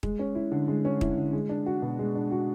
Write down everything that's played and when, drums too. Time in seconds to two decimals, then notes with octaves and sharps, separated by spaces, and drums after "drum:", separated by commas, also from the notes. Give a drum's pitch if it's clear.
0.03 G#3, drum: kick
0.19 C#4
0.35 E4
0.52 D3
0.68 G#3
0.85 C#4
1.01 E4, drum: kick
1.17 D3
1.33 G#3
1.49 D4
1.66 F#4
1.82 B2
1.99 G#3
2.15 D4
2.31 F#4